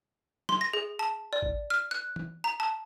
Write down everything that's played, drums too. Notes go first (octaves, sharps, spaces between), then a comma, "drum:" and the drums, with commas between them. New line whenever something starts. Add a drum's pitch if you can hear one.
C6, drum: snare
A#6
G#4
A5
D5
drum: kick A1
F6
F#6
drum: tom
A#5
A5